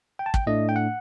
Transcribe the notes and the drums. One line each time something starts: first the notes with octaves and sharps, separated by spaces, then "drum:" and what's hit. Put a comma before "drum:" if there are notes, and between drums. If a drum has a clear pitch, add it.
G5
A5
G5, drum: kick
A2 A3 D4 D#5
G5
F#5